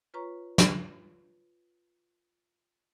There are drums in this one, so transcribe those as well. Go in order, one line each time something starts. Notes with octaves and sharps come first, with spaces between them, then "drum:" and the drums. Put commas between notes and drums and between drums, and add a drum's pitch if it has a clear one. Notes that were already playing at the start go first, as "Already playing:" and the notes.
F4 B4 C#5 A#5 C#6
drum: snare